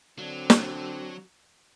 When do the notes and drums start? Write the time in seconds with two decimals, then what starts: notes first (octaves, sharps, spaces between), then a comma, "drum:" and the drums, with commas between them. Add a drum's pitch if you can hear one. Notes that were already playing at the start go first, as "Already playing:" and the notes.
0.19 D3 F#3 C4 D4
0.50 drum: snare